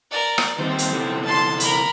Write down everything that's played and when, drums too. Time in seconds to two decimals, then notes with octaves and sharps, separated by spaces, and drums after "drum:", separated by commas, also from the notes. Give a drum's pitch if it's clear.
0.11 A#4 D5
0.38 drum: rim click
0.58 D#3 G3 C4 D#4
0.78 drum: hi-hat
0.93 C3 E3 A4
1.25 A5 C6
1.60 A#4 B5, drum: hi-hat